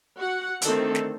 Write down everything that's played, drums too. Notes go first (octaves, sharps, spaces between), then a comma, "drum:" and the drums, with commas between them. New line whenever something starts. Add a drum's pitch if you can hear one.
F#4 F#5
D3 D#3 A3 C4 A4, drum: hi-hat
drum: snare